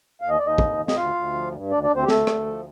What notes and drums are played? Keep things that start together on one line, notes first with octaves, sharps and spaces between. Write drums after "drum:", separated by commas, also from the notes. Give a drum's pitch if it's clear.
D#2 F5
D#5
D#2 D5
D#4 D#5
F2, drum: kick
F2
D#5, drum: snare
D2 F4 F5
D2
F3
G2
D2 D4 D5
D4 D5
D2
C4 C5
G4
D2 A3 A4, drum: snare
D2, drum: rim click
F3